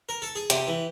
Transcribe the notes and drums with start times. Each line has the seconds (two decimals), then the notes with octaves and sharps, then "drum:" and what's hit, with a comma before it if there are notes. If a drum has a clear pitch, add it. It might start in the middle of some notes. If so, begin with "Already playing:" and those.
0.09 A#4
0.22 A4
0.35 G#4
0.50 C3 G4, drum: hi-hat
0.67 E3